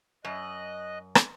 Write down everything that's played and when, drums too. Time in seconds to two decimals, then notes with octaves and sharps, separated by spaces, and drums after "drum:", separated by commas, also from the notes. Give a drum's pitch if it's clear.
0.25 F#2 D#5 F#6
1.15 drum: rim click